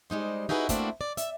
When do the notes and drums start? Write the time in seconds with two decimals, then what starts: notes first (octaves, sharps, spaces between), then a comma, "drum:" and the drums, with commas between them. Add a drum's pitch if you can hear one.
0.10 G3 G#3 D#4 C5
0.49 D#4 E4 F#4 G#4 A4 B4
0.69 A3 A#3 C4 D4 E4 F#4, drum: kick, hi-hat
1.01 D5
1.17 E5, drum: hi-hat